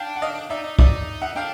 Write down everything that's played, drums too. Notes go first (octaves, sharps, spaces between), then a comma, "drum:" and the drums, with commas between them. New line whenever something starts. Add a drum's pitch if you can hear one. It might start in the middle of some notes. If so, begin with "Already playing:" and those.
Already playing: D4 F5 G5
F#5
D#5 F5
D#4 D5 E5
D#4
D#4 D5 E5, drum: kick
E5 F#5
D4 F5 G5